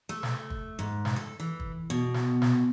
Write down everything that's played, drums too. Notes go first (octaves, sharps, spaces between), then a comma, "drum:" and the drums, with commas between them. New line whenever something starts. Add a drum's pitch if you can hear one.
A3
drum: snare
drum: kick
G#2
drum: snare
A4
E3
drum: kick
B2
drum: snare
drum: snare